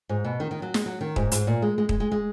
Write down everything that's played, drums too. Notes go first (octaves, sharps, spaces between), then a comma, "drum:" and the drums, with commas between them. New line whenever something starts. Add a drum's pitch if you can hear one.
G#2
B2
D#3
D#3
F#3
G#3, drum: snare
F#3
D#3
G#2, drum: kick
G#2, drum: hi-hat
A#2
G#3
G#3
G#3, drum: kick
G#3
G#3